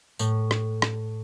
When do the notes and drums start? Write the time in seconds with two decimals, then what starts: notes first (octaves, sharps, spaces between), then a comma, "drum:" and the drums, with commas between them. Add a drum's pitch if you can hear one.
0.19 A2, drum: tambourine
0.51 drum: rim click
0.82 drum: rim click